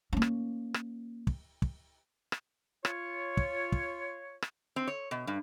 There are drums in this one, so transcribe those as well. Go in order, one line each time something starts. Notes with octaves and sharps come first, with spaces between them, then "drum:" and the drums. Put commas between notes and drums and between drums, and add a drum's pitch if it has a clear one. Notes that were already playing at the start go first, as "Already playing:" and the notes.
A#3 C#4
drum: rim click
drum: rim click
drum: kick
drum: kick
drum: rim click
F4 C#5, drum: rim click
drum: kick
drum: kick
drum: rim click
C4
C#5
B2
G2